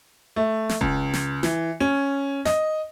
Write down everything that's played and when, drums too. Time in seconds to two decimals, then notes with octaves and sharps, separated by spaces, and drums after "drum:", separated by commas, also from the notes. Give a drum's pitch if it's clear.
0.36 A3
0.69 drum: snare
0.81 C#2, drum: kick E1
1.14 drum: snare
1.43 E3, drum: snare
1.80 C#4
2.45 D#5, drum: snare